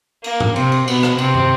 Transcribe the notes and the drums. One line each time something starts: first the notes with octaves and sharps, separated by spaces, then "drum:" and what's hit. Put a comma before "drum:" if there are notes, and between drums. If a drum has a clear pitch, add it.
A#3, drum: cymbal
drum: tom G#2
C3 C4, drum: cymbal
drum: cymbal
B2 B3, drum: cymbal
drum: rim click
C3 C4, drum: cymbal
drum: tom